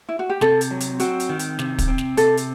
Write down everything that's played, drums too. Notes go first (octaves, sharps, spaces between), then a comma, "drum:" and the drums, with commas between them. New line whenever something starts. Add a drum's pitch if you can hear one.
E4
F#4
G4
C3 A4, drum: snare
drum: hi-hat
F#3
drum: hi-hat
C4 F#4, drum: hi-hat
drum: hi-hat
D#3
drum: hi-hat
C3, drum: snare
drum: kick, hi-hat
C4
drum: snare
C3 A4, drum: hi-hat
drum: hi-hat